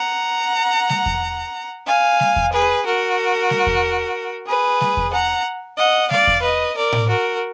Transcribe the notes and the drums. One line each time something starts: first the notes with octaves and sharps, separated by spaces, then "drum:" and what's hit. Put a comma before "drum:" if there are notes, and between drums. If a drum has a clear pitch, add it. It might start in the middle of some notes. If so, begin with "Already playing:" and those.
Already playing: F#5 A#5
drum: snare G3
drum: kick E2
F5 G#5
drum: snare G3
drum: kick E2
G#4 B4
F#4 A#4
drum: snare G3
drum: kick E2
G#4 B4
drum: snare G3
drum: kick E2
F#5 A#5
D#5 F#5
D5 F5, drum: snare G3
drum: kick E2
B4 D#5
A#4 D5
drum: tom A2
F#4 A#4